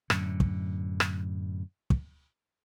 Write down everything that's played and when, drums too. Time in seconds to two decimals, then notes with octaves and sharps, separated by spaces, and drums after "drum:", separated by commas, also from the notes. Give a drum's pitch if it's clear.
0.10 F#2 A2 D3, drum: rim click
0.40 drum: kick
1.00 drum: rim click
1.90 drum: kick